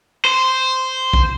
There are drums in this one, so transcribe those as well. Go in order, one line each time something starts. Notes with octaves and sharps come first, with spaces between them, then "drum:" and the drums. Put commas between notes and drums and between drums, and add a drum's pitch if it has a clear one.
C5
drum: kick A#1